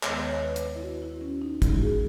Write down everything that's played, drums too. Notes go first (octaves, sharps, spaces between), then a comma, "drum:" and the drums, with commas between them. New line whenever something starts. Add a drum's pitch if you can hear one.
D#2 D#3 G#3 B3 D#5, drum: clap
C#5
B4
drum: hi-hat
E4
F#4
E4
C#4
D#4
G#2 E3 G#3 E4, drum: kick, hi-hat
F#4
G#4